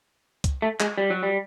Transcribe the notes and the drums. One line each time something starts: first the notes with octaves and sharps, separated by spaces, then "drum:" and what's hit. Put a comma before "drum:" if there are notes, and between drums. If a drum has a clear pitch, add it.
drum: kick C2, hi-hat
A3
G#3, drum: clap
G3
F#3
G3